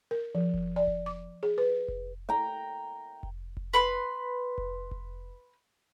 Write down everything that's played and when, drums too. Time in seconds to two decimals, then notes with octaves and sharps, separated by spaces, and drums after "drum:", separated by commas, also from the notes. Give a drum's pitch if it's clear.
0.11 A#4
0.35 F3
0.54 drum: kick F1
0.76 D5
0.87 drum: kick F1
1.06 D6
1.43 G#4
1.58 B4
1.88 drum: kick F1
2.29 G5 A#5
3.23 drum: kick F1
3.57 drum: kick F1
3.74 B4 B5 C6
4.58 drum: kick F1
4.91 drum: kick F1